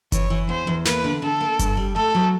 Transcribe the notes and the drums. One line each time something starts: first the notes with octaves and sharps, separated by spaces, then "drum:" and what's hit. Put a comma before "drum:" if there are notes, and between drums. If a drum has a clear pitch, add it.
E3 C#5, drum: kick F#1, hi-hat
E3
E2 C5
E2
A#3 B4, drum: snare
D3
D3 A4
A#3
G2, drum: kick F#1, hi-hat
G3
A3 A4
F#3